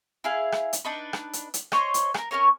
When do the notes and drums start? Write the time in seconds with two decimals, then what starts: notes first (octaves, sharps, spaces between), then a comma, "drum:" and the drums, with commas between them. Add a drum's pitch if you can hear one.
0.24 E4 G#4 F5
0.52 drum: rim click
0.73 drum: hi-hat
0.85 D4 D#4 B4
1.13 drum: rim click
1.33 drum: hi-hat
1.54 drum: hi-hat
1.72 C5 C#5 D#5, drum: rim click
1.94 drum: hi-hat
2.14 G#4 A#4, drum: rim click
2.31 C#4 E4 A#4 C#5